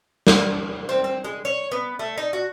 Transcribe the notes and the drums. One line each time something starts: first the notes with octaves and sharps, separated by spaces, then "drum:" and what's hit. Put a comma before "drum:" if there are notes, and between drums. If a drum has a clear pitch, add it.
drum: snare
C4
C4
G#3
C#5
B3
A3
D#4
F#4